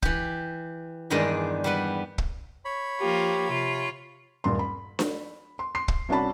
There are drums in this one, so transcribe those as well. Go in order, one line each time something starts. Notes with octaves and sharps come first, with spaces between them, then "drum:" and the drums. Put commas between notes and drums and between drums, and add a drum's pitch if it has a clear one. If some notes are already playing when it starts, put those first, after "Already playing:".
E3 G4, drum: kick
E2 G2 D#3 G#3 D5 D#5
G3 B3 B4
drum: kick
C#5 B5
F3 A#3 F4 G4
C3 F4
D#1 G2 C6
B5
drum: snare D4
C6
C6 C7
drum: kick
C2 C#4 D4 F#4 A5 B5